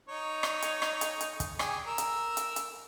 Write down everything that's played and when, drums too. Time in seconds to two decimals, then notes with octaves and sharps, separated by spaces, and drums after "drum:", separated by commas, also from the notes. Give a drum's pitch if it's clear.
0.09 D#4 C#5
0.43 drum: rim click
0.62 drum: hi-hat
0.82 drum: rim click
1.01 drum: hi-hat
1.21 drum: hi-hat
1.40 drum: kick, hi-hat
1.59 G4 G#4, drum: rim click
1.86 A#4 E6
1.98 drum: hi-hat
2.37 drum: hi-hat
2.56 drum: hi-hat